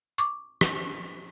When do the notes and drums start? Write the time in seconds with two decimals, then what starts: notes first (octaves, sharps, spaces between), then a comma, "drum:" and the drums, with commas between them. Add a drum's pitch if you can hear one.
0.18 C#6 D6
0.61 drum: rim click